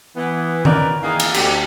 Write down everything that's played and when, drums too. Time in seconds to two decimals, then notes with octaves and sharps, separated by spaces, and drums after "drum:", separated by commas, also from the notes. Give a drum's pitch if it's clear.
0.16 E3 B3
0.65 C#4 D#4 A#4 B4 D5, drum: tom D#3
1.02 D#3 E3 A#3 G#4 D#5 F5
1.20 drum: cymbal
1.34 D2 G4, drum: cymbal